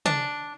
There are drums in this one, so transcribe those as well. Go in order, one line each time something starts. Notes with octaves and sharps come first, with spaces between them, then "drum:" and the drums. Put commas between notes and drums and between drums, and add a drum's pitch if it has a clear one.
D4, drum: tom